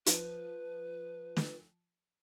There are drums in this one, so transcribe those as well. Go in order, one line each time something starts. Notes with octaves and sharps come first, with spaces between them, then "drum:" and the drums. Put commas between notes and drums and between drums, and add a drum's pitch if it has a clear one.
F3 B4, drum: hi-hat
drum: snare